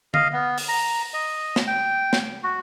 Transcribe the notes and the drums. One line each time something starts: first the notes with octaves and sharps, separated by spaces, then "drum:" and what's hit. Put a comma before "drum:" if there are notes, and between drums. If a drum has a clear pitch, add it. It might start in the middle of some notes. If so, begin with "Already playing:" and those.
D#5 F5, drum: tom D3
B3
drum: open hi-hat
A#5
D#5
drum: snare
G5
drum: snare
F#4